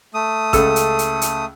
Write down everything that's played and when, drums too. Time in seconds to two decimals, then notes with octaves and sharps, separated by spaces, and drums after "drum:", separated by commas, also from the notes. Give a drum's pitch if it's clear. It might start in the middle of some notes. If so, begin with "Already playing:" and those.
0.14 A3 D#6
0.53 C#2 A4 E6, drum: kick A1, hi-hat
0.76 drum: hi-hat
0.99 drum: hi-hat
1.21 drum: hi-hat